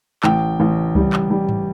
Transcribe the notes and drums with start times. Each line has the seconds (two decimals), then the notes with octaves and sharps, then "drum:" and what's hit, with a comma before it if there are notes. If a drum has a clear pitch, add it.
0.23 A1 G5, drum: clap
0.60 A1
0.95 G3, drum: kick C#2
1.13 drum: clap
1.30 G3
1.49 drum: tom G#2